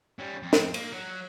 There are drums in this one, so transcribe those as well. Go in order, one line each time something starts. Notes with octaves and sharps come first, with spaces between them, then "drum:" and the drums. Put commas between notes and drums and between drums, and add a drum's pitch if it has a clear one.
G3 C#4
F2
drum: snare
A#3, drum: cymbal
F#3